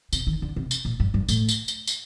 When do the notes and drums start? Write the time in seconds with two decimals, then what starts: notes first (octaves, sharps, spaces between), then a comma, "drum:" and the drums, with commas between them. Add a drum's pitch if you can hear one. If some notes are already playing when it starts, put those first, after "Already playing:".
0.13 C3, drum: tambourine
0.27 D#3
0.42 D3
0.56 C3
0.71 drum: tambourine
0.85 A#2
1.00 G2
1.14 G2
1.29 A2, drum: tambourine
1.49 drum: tambourine
1.68 drum: tambourine
1.87 drum: tambourine